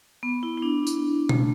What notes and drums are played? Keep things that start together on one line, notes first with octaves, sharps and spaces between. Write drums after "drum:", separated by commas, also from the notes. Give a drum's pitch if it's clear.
B3
E4
E4
D4
drum: tambourine
A3, drum: tom B2